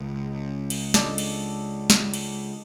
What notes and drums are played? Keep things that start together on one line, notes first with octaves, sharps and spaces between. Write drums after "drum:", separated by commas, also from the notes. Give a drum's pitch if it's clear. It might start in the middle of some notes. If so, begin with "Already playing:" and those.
C#2
drum: cymbal
D4 A4 D#5, drum: snare
drum: cymbal
drum: snare
drum: cymbal